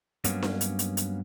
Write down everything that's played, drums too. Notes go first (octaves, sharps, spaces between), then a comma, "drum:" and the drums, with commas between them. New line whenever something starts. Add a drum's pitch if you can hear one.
G2 F#3 A#3 B3 C#4, drum: hi-hat
drum: snare D4
drum: hi-hat
drum: hi-hat
drum: hi-hat